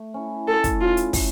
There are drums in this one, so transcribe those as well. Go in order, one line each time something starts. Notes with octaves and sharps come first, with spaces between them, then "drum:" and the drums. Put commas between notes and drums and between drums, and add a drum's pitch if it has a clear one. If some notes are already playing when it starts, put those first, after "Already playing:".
Already playing: A3
C#4 E4
A3 A4
drum: kick, hi-hat
C#4 E4 F4
drum: hi-hat
A3, drum: kick, open hi-hat